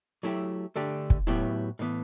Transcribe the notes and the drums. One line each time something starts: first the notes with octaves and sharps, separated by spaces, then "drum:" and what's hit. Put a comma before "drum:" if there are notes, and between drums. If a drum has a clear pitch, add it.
F#3 A3 E4 G4
D3 A3 D4 G4
drum: kick
A2 F#3 B3 E4 G4
A2 E3 B3